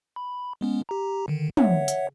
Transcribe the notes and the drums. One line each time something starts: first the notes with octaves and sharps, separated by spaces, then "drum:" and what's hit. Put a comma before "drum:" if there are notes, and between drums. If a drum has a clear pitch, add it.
B5
G#3 B3 C#4
G4 A#5
D3 D#3
C#5 E5 F#5, drum: tom
drum: hi-hat